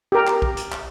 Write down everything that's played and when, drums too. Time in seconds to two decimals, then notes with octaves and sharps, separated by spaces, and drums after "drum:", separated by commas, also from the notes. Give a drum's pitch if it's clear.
0.12 G4 A#4
0.27 drum: clap
0.42 drum: kick A#1
0.57 drum: hi-hat
0.72 drum: clap